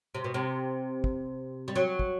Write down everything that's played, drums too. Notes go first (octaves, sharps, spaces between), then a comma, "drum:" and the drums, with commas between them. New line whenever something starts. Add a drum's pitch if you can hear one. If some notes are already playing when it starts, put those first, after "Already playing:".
C3
B2
C3
drum: kick
G3
F#3
drum: kick